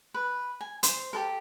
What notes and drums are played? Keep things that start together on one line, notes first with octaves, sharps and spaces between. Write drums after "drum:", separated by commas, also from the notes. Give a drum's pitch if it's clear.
B4
G#5
C5, drum: hi-hat
G4 A4 A#4